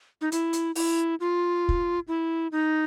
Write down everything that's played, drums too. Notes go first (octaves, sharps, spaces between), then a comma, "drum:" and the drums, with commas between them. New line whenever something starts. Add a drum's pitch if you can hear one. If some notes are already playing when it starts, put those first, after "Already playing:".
D#4
E4, drum: hi-hat
drum: hi-hat
E4, drum: open hi-hat
F4
drum: kick
E4
D#4